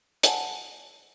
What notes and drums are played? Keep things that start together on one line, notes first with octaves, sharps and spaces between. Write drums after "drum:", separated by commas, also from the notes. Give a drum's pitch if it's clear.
F#5 G#5 A5, drum: hi-hat